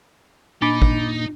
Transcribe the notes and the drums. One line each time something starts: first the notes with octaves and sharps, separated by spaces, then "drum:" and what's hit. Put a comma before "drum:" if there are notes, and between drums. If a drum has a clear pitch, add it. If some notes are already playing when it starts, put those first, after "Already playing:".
A#2 D4 D#4 B5 D6 A6
drum: kick